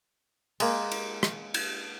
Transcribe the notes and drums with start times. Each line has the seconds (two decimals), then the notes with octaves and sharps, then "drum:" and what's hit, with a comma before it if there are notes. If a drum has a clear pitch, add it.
0.60 G#3 A#3, drum: cymbal
0.91 drum: cymbal
1.23 drum: rim click
1.54 drum: cymbal